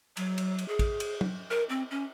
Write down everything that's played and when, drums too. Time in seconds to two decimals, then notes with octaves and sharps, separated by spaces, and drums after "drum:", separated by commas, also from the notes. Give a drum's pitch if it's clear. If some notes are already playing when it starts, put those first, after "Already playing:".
0.17 F#3, drum: cymbal
0.38 drum: cymbal
0.59 drum: cymbal
0.68 G#4
0.79 drum: kick, cymbal
1.00 drum: cymbal
1.21 drum: tom
1.51 A#4
1.69 C4
1.91 C#4